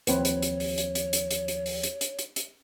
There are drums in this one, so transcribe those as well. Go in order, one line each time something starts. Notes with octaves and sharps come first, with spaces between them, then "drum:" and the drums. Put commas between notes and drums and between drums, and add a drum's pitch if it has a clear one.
D#2 F3 C4 B4 C#5, drum: hi-hat
drum: hi-hat
drum: hi-hat
drum: open hi-hat
drum: hi-hat
drum: hi-hat
drum: hi-hat
drum: hi-hat
drum: hi-hat
drum: open hi-hat
drum: hi-hat
drum: hi-hat
drum: hi-hat
drum: hi-hat